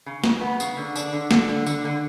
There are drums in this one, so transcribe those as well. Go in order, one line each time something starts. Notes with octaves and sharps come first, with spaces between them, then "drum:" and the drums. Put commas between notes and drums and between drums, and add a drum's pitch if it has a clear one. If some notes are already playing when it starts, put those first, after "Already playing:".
C#3
C#3, drum: snare
B3
C#3, drum: tambourine
D3
D4, drum: tambourine
D3
D3, drum: snare
D3
D3, drum: tambourine
D3